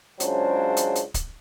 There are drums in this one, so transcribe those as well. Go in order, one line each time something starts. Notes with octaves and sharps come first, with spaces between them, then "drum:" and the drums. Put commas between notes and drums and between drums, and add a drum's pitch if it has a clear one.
C#2 C#3 F#3 D4 C5, drum: hi-hat
drum: hi-hat
drum: hi-hat
drum: kick D1, hi-hat